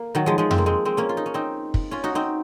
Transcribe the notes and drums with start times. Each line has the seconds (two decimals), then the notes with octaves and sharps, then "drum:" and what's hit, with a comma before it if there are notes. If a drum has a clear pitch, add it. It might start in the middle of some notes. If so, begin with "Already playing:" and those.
Already playing: A#3
0.15 D#3 F#3
0.26 F3 G#3
0.38 F3 G#3
0.51 C4, drum: tom F2
0.58 A#3
0.66 G#3 C4
0.85 G#3 C4
0.97 A#3 C#4
1.09 F4
1.17 D#4
1.26 C#4
1.34 C4 D#4
1.74 drum: kick
1.91 C#4 F4
2.04 D#4 F#4
2.15 C4 D#4